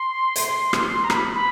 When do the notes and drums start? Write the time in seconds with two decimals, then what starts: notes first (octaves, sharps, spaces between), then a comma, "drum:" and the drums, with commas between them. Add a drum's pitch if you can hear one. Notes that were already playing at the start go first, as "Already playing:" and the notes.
Already playing: C6
0.36 drum: hi-hat
0.73 drum: rim click
1.04 A#5
1.10 B5, drum: rim click
1.35 B5